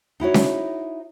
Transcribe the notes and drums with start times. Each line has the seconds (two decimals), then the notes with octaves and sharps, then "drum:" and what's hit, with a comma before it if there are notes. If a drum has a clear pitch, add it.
0.20 D#4 E4 F#4 C#5
0.34 drum: snare C#4